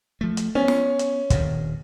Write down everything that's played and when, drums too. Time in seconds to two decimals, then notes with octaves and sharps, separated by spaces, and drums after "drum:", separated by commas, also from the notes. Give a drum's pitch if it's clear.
0.21 F3 A3
0.37 drum: hi-hat
0.55 B3 C#4
0.68 drum: snare
0.99 drum: hi-hat
1.30 D#1 G2 D#3, drum: kick, hi-hat